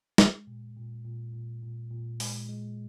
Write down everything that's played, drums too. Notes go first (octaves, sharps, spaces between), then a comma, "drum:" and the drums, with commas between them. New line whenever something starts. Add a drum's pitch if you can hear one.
G#3, drum: snare
A#2
A#2
A#2
A#2
A#2
A#2
G#3, drum: open hi-hat
G#3